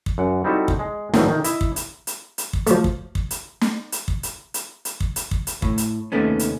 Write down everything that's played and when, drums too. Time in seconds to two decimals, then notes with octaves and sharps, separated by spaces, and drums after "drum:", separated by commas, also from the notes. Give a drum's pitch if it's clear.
0.06 drum: kick
0.18 F#2 F#5
0.44 G3 C4 D#4 E4 F#4 A4
0.68 drum: kick
0.79 G#3
1.14 A#1 A2 D#3 E3 F#3, drum: snare
1.28 D#3
1.44 E4 D#5, drum: hi-hat
1.61 drum: kick
1.76 drum: hi-hat
2.07 drum: hi-hat
2.38 drum: hi-hat
2.53 drum: kick
2.67 F3 A3, drum: hi-hat
2.84 drum: kick
3.15 drum: kick
3.31 drum: hi-hat
3.61 drum: snare
3.92 drum: hi-hat
4.08 drum: kick
4.23 drum: hi-hat
4.54 drum: hi-hat
4.85 drum: hi-hat
5.00 drum: kick
5.16 drum: hi-hat
5.31 drum: kick
5.47 drum: hi-hat
5.62 A2, drum: kick
5.78 drum: hi-hat
6.12 D#2 C3 D#3 A3 B3 C#4
6.39 drum: hi-hat